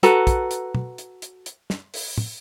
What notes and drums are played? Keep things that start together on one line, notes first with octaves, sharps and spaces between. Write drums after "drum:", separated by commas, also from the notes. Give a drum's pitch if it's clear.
F#4 A4 B4 A#5, drum: hi-hat
drum: kick, hi-hat
drum: hi-hat
drum: tom
drum: hi-hat
drum: hi-hat
drum: hi-hat
drum: snare
drum: open hi-hat
drum: tom